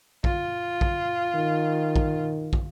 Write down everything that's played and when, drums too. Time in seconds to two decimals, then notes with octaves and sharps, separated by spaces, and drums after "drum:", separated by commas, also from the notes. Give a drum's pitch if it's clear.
0.24 F4, drum: kick
0.81 drum: kick
1.35 D#3
1.96 drum: kick
2.53 drum: kick